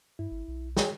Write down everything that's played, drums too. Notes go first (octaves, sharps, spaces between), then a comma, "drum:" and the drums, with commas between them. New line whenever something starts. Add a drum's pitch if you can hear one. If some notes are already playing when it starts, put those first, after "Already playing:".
G2 E4
G#1
B1
G#4 C#5 G5, drum: snare